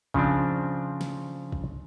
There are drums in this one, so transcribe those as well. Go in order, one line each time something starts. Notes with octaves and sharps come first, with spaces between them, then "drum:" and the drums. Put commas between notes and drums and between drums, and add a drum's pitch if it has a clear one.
C#3 F3 C4 D4, drum: kick
drum: snare
drum: kick